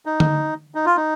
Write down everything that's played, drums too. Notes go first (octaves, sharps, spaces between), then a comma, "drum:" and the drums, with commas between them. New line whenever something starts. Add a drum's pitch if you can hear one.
D#4
drum: tom D3
D#4
F4
D#4